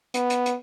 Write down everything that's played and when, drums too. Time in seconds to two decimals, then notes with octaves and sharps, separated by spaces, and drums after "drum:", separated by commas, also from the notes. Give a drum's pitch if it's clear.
0.14 B3, drum: hi-hat
0.30 drum: hi-hat
0.46 drum: hi-hat